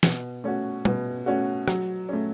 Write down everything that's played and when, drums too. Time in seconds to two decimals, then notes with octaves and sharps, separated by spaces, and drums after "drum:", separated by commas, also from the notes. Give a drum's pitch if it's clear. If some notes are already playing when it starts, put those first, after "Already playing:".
0.03 B2, drum: snare
0.44 A3 C#4 F#4
0.85 B2, drum: tom
1.26 A3 C#4 F#4
1.68 F#3, drum: rim click
2.09 A3 C#4